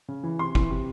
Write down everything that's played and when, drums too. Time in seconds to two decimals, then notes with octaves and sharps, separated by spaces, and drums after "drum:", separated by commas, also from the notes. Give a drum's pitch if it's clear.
0.08 C#3
0.23 E3
0.39 C3 C6
0.55 E3, drum: kick
0.70 C3